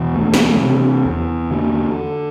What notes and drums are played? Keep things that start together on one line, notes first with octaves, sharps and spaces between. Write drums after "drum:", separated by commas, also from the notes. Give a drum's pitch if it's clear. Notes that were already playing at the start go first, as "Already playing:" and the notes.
Already playing: E2 B2 E3
D2
drum: snare
C3
E2
D3